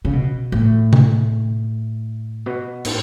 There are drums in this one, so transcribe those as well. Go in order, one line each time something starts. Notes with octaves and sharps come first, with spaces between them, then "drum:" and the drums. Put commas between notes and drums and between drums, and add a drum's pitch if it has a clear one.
C#3
B2
A2
drum: tom C3
B2
A2, drum: cymbal